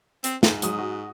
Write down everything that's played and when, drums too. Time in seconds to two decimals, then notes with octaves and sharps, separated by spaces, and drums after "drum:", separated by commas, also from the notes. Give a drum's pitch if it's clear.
0.24 C4, drum: hi-hat
0.43 G#2, drum: snare
0.62 F#3 G#3 D#6, drum: hi-hat
0.79 F#4